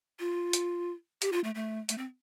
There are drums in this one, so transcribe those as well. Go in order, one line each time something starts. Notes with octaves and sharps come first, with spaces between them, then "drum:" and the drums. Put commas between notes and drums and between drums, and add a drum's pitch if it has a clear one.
F4
drum: hi-hat
G4, drum: hi-hat
F4
A3
A3
A3, drum: hi-hat
C4